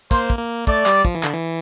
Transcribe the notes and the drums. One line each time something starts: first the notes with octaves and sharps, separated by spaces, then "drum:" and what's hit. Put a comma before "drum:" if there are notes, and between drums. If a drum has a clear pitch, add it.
A#3 C5, drum: kick, tambourine
drum: kick
A#3
A3 D5, drum: kick
G3, drum: clap
F3, drum: kick
E3
D3, drum: clap
E3